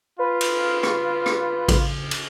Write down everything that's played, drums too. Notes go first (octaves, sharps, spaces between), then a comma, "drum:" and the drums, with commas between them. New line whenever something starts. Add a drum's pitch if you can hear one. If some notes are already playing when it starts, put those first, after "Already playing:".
F4 B4
drum: cymbal
drum: rim click
drum: rim click
drum: kick A1, cymbal
drum: cymbal